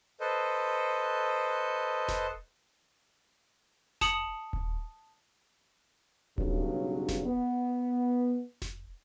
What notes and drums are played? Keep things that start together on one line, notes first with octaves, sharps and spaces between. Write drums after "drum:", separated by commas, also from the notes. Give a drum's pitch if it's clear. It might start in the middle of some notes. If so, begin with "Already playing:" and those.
A4 B4 C5 D#5
drum: snare F1
A5 D#6 C#7 F#7, drum: snare F1
drum: kick D#1
B1 G2 C#3 F#3, drum: kick D#1
drum: snare F1
B3
drum: snare F1